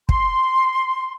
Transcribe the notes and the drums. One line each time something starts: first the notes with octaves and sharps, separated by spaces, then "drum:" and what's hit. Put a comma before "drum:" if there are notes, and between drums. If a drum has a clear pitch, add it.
C6, drum: kick